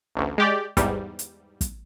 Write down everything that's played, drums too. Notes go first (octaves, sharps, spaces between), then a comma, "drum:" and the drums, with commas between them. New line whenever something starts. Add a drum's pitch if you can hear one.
A1 D2
G#3 G4 D5
E2 G#2 G3, drum: kick, hi-hat
drum: hi-hat
drum: kick, hi-hat